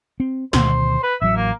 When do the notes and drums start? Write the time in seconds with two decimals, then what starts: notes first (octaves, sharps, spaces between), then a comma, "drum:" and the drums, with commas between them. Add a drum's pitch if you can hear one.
0.20 C4
0.53 D2 B2 D#3 C5, drum: snare
1.03 B4
1.22 A1 F#3 E5
1.36 A#3